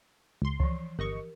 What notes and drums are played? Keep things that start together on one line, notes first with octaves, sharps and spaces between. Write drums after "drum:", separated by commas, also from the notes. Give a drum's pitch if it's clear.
C#2 C6
E3 F3, drum: kick C#2
G1 G4 A#4 D#5 C#6